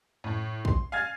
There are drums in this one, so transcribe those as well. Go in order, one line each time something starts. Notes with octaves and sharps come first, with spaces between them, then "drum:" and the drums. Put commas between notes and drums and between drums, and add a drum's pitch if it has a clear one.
A2
C6, drum: kick
F5 G#5 F6 G#6 A6